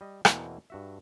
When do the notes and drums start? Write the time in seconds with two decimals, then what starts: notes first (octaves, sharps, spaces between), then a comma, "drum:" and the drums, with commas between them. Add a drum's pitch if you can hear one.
0.01 G3 D#5
0.25 E2 B2 E3 A#3 C4 F#5, drum: rim click
0.70 G2 F#4 E5